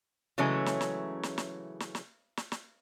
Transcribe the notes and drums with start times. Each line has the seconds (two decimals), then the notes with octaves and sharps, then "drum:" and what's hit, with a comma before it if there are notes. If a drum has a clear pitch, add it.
0.38 C#3 E3 F#3 G#3 A3 C#4
0.66 drum: snare
0.81 drum: snare
1.23 drum: snare
1.38 drum: snare
1.80 drum: snare
1.95 drum: snare
2.37 drum: snare
2.52 drum: snare